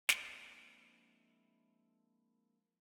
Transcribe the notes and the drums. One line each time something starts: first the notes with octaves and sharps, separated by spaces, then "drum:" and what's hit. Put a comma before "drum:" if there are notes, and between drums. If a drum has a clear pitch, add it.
F3 G#3 A#3 C4 D4 E4, drum: snare